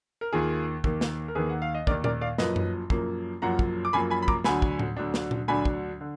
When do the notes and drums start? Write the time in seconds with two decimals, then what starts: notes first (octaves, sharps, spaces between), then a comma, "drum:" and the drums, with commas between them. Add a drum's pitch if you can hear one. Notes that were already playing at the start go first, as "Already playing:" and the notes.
0.21 A#4
0.33 D#2 D#3 A#3 F4 G#4
0.84 D#2 D#3 A#3, drum: kick
1.01 drum: snare
1.28 A#4
1.35 D#2 D#3 A#3 G#4 B4
1.49 F#5
1.62 F5
1.75 D#5
1.87 D#2 D#3 A#3 A#4 D5, drum: kick
2.04 A#4 D5, drum: tom A#2
2.21 D5 F5
2.38 F#1 F#2 F3 A#3 B4 D#5, drum: snare
2.56 drum: tom F#2
2.90 F#1 F#2 F3 A#3, drum: kick
3.42 F#1 F#2 F3 A#3 F#5 A#5
3.59 drum: kick
3.85 D6
3.93 F#1 F#2 F3 A#3 G#5 B5
4.10 G#5 B5
4.22 B5
4.28 A#5 D6, drum: kick
4.44 D2 D3 F#3 D4 G#5 B5, drum: snare
4.62 drum: kick
4.79 drum: tom A2
4.96 D2 D3 F#3 D4
5.14 drum: snare
5.31 drum: tom A#2
5.48 D2 D3 F#3 D4 G#5 B5
5.65 drum: kick
6.01 D3